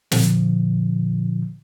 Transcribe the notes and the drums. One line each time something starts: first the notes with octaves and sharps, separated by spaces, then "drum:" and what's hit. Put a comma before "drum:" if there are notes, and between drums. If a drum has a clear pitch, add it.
A#2 D3 F3, drum: snare